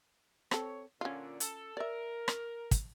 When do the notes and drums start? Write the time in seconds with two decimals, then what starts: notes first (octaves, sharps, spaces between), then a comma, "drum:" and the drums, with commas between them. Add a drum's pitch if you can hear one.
0.51 C4 A4 C#5, drum: rim click
1.01 A#2 D3 C#4 F4
1.40 A4, drum: hi-hat
1.77 A#4 D5 E5
2.28 drum: rim click
2.71 drum: kick, hi-hat